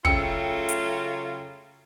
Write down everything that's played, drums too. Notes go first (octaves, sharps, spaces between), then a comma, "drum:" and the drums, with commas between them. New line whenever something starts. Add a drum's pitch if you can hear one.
C#3 F#3 A3 F4 G5 E6 C#7, drum: kick
drum: hi-hat